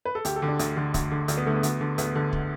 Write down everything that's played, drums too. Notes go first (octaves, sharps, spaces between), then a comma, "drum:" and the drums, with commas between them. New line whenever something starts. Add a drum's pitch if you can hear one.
B4
A4
D2 G4, drum: hi-hat
A4
D3
D4
D2, drum: hi-hat
D3
D2, drum: kick, hi-hat
D3
D2 D4, drum: hi-hat
B3
D3 A3
B3
D2, drum: hi-hat
D3
D2 B3, drum: hi-hat
D3
drum: kick